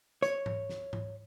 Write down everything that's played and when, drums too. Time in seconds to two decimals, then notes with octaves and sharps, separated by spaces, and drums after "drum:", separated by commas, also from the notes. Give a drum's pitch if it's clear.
0.22 C#5, drum: hi-hat
0.46 drum: tom G#2
0.69 drum: snare
0.93 drum: tom G#2